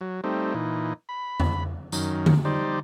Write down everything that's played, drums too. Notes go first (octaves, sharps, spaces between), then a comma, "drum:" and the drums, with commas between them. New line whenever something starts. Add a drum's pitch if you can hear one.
F#3
G3 A3 C4 D#4
A#2 E3 D#4
B5
drum: tom E2
F#2 D#3, drum: tambourine
drum: tom D3
G3 D#4 C5 D5